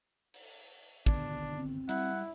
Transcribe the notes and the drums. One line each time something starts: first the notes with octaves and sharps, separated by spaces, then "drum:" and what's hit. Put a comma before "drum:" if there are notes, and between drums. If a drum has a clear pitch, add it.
drum: open hi-hat
D3 D#3 B3 D4, drum: kick
C4
G3 E4 F#5, drum: hi-hat